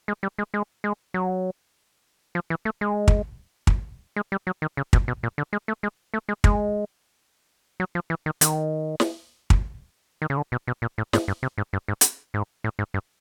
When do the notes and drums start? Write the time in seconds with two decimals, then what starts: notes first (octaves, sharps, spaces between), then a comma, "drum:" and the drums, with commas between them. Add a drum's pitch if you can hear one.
0.08 G#3
0.23 G3
0.39 G#3
0.54 G#3
0.84 G#3
1.14 F#3
2.35 F3
2.50 E3
2.65 A3
2.81 G#3
3.08 drum: kick
3.67 drum: kick
4.16 G#3
4.32 G3
4.47 F#3
4.62 D#3
4.77 C#3
4.93 B2, drum: kick
5.08 B2
5.23 A#2
5.38 D3
5.53 G#3
5.68 A3
5.83 G#3
6.14 A3
6.29 G#3
6.44 G#3, drum: kick
7.80 F#3
7.95 F3
8.10 E3
8.26 D#3
8.41 D#3, drum: hi-hat
9.00 drum: snare
9.50 drum: kick
10.22 D#3
10.30 C#3
10.37 D3
10.52 B2
10.68 B2
10.82 A#2
10.98 A2
11.13 G#2, drum: snare
11.28 G2
11.43 C3
11.58 G#2
11.73 G2
11.88 G#2
12.01 drum: hi-hat
12.34 G#2
12.64 A2
12.79 G#2
12.94 G2